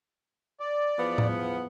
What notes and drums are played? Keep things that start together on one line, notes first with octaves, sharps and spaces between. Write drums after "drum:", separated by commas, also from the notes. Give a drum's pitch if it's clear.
D5
E2 F3 B3
drum: tom A2